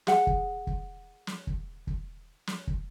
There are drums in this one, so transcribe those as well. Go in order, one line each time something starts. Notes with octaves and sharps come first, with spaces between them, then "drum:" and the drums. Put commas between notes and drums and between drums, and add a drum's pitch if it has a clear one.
G#4 F#5, drum: snare
drum: kick
drum: kick
drum: snare
drum: kick
drum: kick
drum: snare
drum: kick